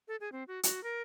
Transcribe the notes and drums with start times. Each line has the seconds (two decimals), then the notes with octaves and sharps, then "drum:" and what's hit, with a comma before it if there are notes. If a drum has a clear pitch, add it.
0.08 A4
0.21 G#4
0.32 C4
0.48 F#4
0.63 F#4, drum: hi-hat
0.84 A#4